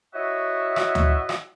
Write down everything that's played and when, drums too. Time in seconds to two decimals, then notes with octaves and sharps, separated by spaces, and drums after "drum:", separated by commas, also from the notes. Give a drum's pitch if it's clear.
0.13 E4 F#4 C#5 D#5 E5 F#5
0.76 drum: rim click
0.95 drum: tom D2
1.29 drum: rim click